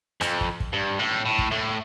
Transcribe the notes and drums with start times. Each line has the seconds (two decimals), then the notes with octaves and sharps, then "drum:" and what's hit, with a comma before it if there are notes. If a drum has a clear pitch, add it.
0.21 F2, drum: rim click
0.41 drum: kick
0.60 drum: kick
0.73 G2
0.99 A2
1.26 A2
1.39 drum: kick
1.52 A2